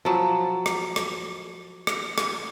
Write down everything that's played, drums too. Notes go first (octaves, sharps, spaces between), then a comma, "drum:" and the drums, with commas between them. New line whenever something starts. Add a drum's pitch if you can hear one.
F3 F#3
drum: rim click
drum: rim click
drum: rim click
drum: rim click